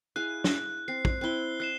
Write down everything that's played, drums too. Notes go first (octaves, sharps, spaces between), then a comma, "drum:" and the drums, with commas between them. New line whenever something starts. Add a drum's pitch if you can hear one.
E4 G#4 F5 F#6
drum: snare
C4 C7
drum: kick
C4 E4 F#6 G7
D#5 F#6 C7 E7